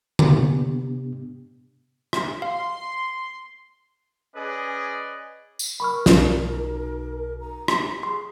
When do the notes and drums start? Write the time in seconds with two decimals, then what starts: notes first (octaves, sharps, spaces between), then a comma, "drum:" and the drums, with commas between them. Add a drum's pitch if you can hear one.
0.19 C3 B3 D4 G4, drum: tom D3
2.13 drum: rim click
2.42 F5 C6
4.36 C#4 G#4 B4 D5 D#5
5.59 drum: tambourine
5.80 A#4 B5 C#6 F6
6.06 B1 D5, drum: snare
7.40 A#5
7.68 drum: rim click
8.03 G#4 C6